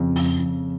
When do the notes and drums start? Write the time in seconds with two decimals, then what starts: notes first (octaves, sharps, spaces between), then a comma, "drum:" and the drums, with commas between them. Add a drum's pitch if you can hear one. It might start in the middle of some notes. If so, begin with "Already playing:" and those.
Already playing: F2 C#3
0.16 F2, drum: open hi-hat
0.39 F2